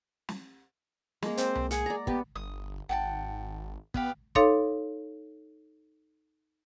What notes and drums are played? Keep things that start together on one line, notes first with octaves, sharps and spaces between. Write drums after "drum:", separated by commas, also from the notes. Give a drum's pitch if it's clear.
drum: snare
G#3 A#3, drum: snare
C4 C5, drum: hi-hat
drum: tom C2
G#4 F#5, drum: hi-hat
D5 A#5
B3 G4, drum: kick
G1 D#6
G#1 F#5 G5 A5
B3 G4 F5 F#5, drum: kick
D#4 A4 C#5 F5 C6 D6, drum: kick